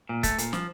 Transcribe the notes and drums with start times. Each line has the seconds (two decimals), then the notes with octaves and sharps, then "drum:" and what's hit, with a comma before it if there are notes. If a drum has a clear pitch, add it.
0.09 A#2
0.23 A3, drum: kick, hi-hat
0.38 A#2, drum: hi-hat
0.53 F3, drum: snare